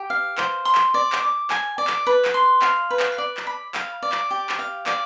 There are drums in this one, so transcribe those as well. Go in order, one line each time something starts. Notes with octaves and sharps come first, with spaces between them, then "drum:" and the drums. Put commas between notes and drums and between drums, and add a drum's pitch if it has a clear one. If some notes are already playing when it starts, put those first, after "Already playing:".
Already playing: G4
F5
C5, drum: clap
C6
drum: clap
D5
drum: clap
D6
G#5, drum: clap
D5
drum: clap
B4
drum: clap
C6
F5, drum: clap
B4
drum: clap
D5
drum: clap
B5
F5, drum: clap
D5
drum: clap
G4
drum: clap
F5
D5, drum: clap